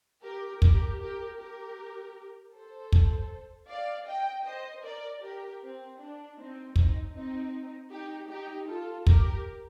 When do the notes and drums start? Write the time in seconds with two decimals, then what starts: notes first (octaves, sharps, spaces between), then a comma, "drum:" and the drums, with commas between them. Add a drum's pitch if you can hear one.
0.23 G4 A#4
0.62 G4 A#4, drum: kick
1.01 G4 A#4
1.40 G4 A#4
2.54 A4 C5
2.92 drum: kick
3.69 D5 F5
4.07 D#5 G5
4.45 C5 D#5
4.84 A#4 D5
5.22 G4 A#4
5.61 C4
5.99 D4
6.37 C4 D#4
6.76 C4 D#4, drum: kick
7.14 C4 D#4
7.91 D#4 G4
8.30 D#4 G4
8.68 F4 A4
9.07 G4 A#4, drum: kick